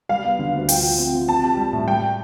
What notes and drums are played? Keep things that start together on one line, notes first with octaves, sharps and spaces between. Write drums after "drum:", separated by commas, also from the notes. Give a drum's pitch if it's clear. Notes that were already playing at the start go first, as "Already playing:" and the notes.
G3 F5
B3
D3
D2
F4 G5, drum: open hi-hat
F3
C4
F3
C4 A5
G4
G3
A2
G3 G5